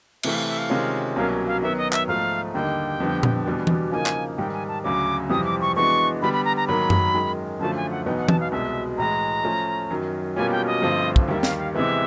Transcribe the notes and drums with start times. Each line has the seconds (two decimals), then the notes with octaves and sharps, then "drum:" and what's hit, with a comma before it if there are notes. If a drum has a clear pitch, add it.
0.23 C3 E3 A3 E5, drum: cymbal
0.35 F5
0.47 E5
0.58 F5
0.69 C3 D#3 G#3 C#4 F4
1.16 C2 B2 F#3 A#3 C#4 F5
1.47 F5
1.62 D#3 F#3 B3 E5
1.77 D#5
1.92 E5, drum: clap
2.08 G#2 F3 A3 F5
2.54 D#2 D3 G3 A#3 D#4 G5
3.00 F2 D3 G3 B3 D4
3.23 drum: tom A#2
3.46 E2 B2 G3 B3 D4
3.67 drum: tom E3
3.91 C#3 F3 A#3 D#4 G#5
4.06 drum: clap
4.37 G#2 D#3 G3 G5
4.53 G#5
4.68 A5
4.84 D2 C#3 F#3 D6
5.29 F2 C3 E3 G3 C4 D#6
5.45 D6
5.61 C#6
5.76 E3 G#3 B3 D4 F#4 C#6
6.22 D3 G3 B3 B5
6.33 B5
6.45 A#5
6.57 A#5
6.67 G#2 D#3 F#3 A#3 B5
6.90 drum: tom F#2
7.14 F#2 D#3 G#3
7.59 F#2 D3 F3 A3 A5
7.76 G#5
7.91 F#5
8.06 E2 B2 F#3 B3 D#4 G5
8.18 F#5
8.29 A5, drum: tom E3
8.40 F5
8.51 C2 B2 G#3 E5
8.98 A2 E3 G#3 A#5
9.44 F3 A3 C#4 F4
9.90 F#2 D#3 F#3
10.36 B2 G3 A#3 C#4 F4 G#5
10.51 G5
10.67 D#5
10.82 G2 D3 F3 A3 C4
11.16 drum: kick
11.28 D#2 D#3 G3 E5
11.43 F5, drum: snare
11.59 F5
11.74 C3 E3 G#3 B3 E5